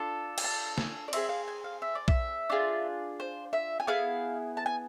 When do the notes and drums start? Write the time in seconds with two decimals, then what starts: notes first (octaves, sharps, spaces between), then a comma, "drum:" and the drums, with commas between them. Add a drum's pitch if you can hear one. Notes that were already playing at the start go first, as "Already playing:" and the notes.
Already playing: D4 F4 A4
0.38 G#5, drum: cymbal
0.44 A5
0.78 G#5, drum: snare
1.08 D5
1.13 C4 E4 G#4 E5, drum: cymbal
1.29 F5
1.48 G#5
1.64 F5
1.82 E5
1.95 D5
2.08 E5, drum: kick B1
2.50 D4 F4 G#4
3.20 C5
3.53 E5
3.80 G#5
3.87 B3 E4 G#4 F5
4.57 A5
4.66 G#5